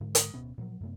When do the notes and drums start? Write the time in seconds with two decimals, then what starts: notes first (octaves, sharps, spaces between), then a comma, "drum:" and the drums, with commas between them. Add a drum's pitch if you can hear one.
0.01 G#2 D3 G#3
0.15 drum: hi-hat
0.34 D1 B2 B3 C#4
0.58 A#2 F3 F#3
0.80 F#2 C3 A3 B3